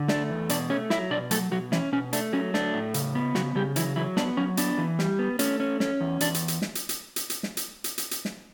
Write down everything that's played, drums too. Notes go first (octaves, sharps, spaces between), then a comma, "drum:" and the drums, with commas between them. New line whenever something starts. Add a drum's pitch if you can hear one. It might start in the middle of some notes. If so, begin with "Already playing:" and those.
Already playing: D3
A3 D4 D5, drum: snare
E2
B2 D4 D5, drum: hi-hat
A3 C#4 C#5
F#3 E4 E5, drum: snare
B2 D4 D5
F#3 A3 A4, drum: hi-hat
B2 F#3 F#4
E3 C#4 E4, drum: snare
B2 C#4
A3 D4, drum: hi-hat
F#3 C#4
A3 D4, drum: snare
A2
C#3, drum: hi-hat
B3
C#3 F#3 F#4, drum: snare
C#3 G3 G4
E3 F#3 E4, drum: hi-hat
E3 F#3 E4
B3 D4, drum: snare
F#3 C#4
B3 D4, drum: hi-hat
E3
G3, drum: snare
B3
A3 C#4, drum: hi-hat
C#4
C#4, drum: snare
E2
E2 D4, drum: hi-hat
drum: hi-hat
drum: hi-hat
drum: snare
drum: hi-hat
drum: hi-hat
drum: hi-hat
drum: hi-hat
drum: snare
drum: hi-hat
drum: hi-hat
drum: hi-hat
drum: hi-hat
drum: snare